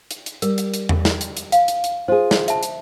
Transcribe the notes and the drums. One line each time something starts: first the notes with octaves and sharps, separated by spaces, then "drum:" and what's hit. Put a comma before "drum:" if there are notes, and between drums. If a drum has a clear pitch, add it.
drum: hi-hat
drum: hi-hat
G3 A#4, drum: hi-hat
drum: hi-hat
drum: hi-hat
drum: tom E2
drum: snare
drum: hi-hat
drum: hi-hat
F5, drum: hi-hat
drum: hi-hat
drum: hi-hat
F4 G#4 C5
drum: snare
E5 A5, drum: hi-hat
drum: hi-hat